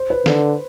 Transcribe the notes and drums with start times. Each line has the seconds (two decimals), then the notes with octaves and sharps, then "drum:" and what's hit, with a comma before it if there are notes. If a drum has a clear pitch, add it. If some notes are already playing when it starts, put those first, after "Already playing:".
Already playing: C5
0.10 B4
0.26 D3, drum: snare